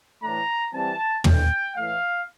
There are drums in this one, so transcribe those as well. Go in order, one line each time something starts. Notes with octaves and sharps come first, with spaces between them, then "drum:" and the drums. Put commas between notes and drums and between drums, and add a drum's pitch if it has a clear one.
A2 E3 A3 D4 A#5
E3 G3 C4 A5
E3 A3 D4 G5, drum: tom
A2 E3 A3 F5